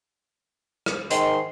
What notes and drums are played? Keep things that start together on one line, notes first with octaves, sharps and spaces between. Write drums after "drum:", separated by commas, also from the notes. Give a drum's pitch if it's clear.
drum: rim click
G#2 D#3 C6, drum: hi-hat